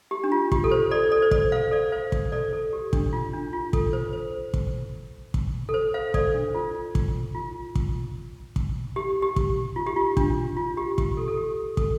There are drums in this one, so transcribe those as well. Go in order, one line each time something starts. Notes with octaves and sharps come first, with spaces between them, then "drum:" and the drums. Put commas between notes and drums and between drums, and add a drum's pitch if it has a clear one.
G4
D4
F4
G4, drum: kick
A4
C5
A4 D5
A4 D5
C5
A4 D5, drum: kick
C5 F5
A4 D5
C5 F5
drum: kick
A4 D5
A4
G4
D4, drum: kick
F4
D4
F4
A4, drum: kick
C5
C5
drum: kick
drum: kick
A4
C5
C5 F5
A4 D5, drum: kick
D4
F4
drum: kick
F4
drum: kick
drum: kick
G4
G4
drum: kick
F4
G4
F4
D4, drum: kick
F4
G4
G4, drum: kick
A4
A4
G4
A4, drum: kick